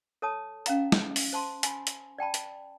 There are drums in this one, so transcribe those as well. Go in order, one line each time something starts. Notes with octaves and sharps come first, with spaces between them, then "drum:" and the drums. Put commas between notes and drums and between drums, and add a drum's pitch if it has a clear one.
A4 C#5 A5 D#6
C#4 F5 A#5, drum: hi-hat
drum: snare
drum: open hi-hat
C5 A5 C6
G#5 B5, drum: hi-hat
drum: hi-hat
D5 G5 A5 B5
drum: hi-hat